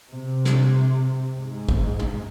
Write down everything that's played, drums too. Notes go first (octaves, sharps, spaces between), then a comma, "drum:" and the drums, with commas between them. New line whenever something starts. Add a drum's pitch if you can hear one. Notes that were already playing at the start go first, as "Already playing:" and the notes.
C3
drum: snare
G#2
drum: kick
drum: tom